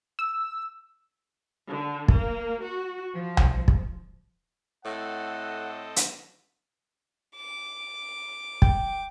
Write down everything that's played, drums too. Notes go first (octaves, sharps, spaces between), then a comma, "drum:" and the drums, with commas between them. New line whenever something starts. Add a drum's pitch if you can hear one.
E6
D3
A#3, drum: kick
F#4
F3
drum: tom C2
drum: kick
A2 C4 A4 D#5 F#5
drum: hi-hat
D6
G5, drum: kick